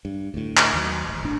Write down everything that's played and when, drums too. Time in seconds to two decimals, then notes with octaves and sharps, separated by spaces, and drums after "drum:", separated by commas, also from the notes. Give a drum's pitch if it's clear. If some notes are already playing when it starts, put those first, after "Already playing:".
0.05 G2
0.34 D2 A2
0.57 drum: clap
0.73 D#2 D#3 F#3
1.06 D#1 A1
1.21 D1 G1 A2 D4